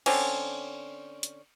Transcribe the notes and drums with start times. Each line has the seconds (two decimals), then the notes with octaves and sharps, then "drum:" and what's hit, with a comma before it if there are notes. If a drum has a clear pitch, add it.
0.06 D3 C4 C#4, drum: cymbal
1.23 drum: hi-hat